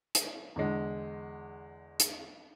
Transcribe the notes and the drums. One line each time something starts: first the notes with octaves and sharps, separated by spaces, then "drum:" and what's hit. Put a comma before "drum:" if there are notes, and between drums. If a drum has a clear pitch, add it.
drum: hi-hat
E2 D3 G#3
drum: hi-hat